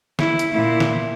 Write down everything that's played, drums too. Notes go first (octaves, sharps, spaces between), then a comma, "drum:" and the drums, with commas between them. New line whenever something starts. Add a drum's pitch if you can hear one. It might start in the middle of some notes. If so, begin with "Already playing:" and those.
E4, drum: snare
drum: hi-hat
A#2 E4
drum: snare